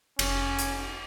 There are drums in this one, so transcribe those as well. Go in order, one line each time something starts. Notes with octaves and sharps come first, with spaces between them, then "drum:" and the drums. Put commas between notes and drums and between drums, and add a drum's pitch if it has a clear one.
F1 C#4, drum: cymbal
drum: hi-hat